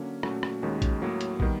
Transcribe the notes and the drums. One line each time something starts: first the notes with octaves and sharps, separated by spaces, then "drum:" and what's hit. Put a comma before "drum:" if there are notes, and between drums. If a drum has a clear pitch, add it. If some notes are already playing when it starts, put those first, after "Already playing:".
Already playing: D3 F#3 A#3 C#4
A#2 F#3 A3 C#4 F#4, drum: rim click
drum: rim click
D#2 D#3 G#3 C#4 F#4
drum: kick, hi-hat
A2 F#3 A#3
drum: hi-hat
D#3 G3 B3, drum: kick